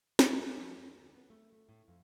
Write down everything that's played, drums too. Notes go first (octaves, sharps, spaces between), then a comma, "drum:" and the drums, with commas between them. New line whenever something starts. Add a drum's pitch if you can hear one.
A#4, drum: snare
F3
F2
D2
B3
A3
A3
A2
F2